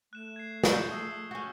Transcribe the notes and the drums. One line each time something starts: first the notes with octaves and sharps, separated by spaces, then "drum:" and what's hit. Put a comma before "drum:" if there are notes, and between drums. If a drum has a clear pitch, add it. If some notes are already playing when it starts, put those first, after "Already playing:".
A3 F#6 E7
G#6 C7
F3 G#3 F#5 C#6 G6 G7, drum: snare
D#6 E6 C7
C#4 F#4